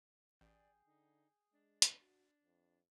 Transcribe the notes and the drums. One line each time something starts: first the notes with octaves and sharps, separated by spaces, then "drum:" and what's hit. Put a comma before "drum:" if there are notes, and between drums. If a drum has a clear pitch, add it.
A1 G#4 D5 G5
D3 D#4
G#3 D4
drum: hi-hat
F#4
F2